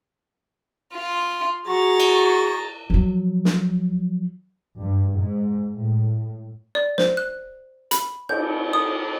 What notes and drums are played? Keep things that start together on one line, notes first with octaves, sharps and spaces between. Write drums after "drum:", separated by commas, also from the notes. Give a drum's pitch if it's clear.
F4 C6
F#4 G#4 A#5 C#6 A6
drum: cymbal
F3 F#3
drum: snare
G2
G#2
A2
D5
C5, drum: snare
F#6
B5, drum: hi-hat
G6, drum: cymbal
D#6